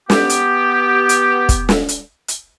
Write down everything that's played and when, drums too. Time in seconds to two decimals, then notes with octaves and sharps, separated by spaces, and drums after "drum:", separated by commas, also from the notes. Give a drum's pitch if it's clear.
0.10 B3 G4, drum: snare
0.29 drum: hi-hat
1.09 drum: hi-hat
1.49 drum: kick, hi-hat
1.69 drum: snare
1.89 drum: hi-hat
2.28 drum: hi-hat